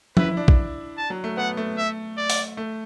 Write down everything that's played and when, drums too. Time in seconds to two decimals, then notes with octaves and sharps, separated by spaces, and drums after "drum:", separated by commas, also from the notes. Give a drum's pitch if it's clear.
0.17 E4 B4, drum: tom F3
0.37 D4
0.48 drum: kick
0.97 A5
1.10 F#3
1.24 A3
1.37 B3 F#5
1.57 A3
1.77 E5
2.17 D5
2.30 drum: open hi-hat
2.57 A3